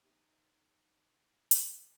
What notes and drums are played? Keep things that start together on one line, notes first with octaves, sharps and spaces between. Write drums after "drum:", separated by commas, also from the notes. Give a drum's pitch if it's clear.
D2 D#4 G4 G#5
drum: hi-hat